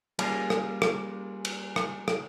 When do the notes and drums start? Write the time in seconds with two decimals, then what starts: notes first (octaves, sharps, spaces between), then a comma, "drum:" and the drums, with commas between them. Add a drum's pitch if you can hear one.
0.19 G3 A#3 C#4 F4 G#4, drum: cymbal
0.50 drum: rim click
0.82 drum: rim click
1.45 drum: cymbal
1.76 drum: rim click
2.08 drum: rim click